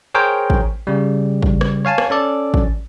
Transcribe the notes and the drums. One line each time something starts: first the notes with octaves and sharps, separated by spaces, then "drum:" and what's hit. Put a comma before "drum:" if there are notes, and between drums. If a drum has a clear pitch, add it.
G#4 A#4 C5 C#5 G5
drum: kick
C#3 G3
drum: kick
drum: rim click
C#5 F5 G#5 A5
drum: rim click
C#4 A4 D5
drum: kick